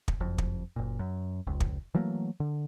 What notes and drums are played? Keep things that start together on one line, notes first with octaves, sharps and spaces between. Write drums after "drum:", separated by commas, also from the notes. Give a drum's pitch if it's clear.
drum: kick
F#1 F2
drum: kick
F#1 A#2
F#2
F1 C#2
drum: kick
E3 F#3 A3 A#3
D3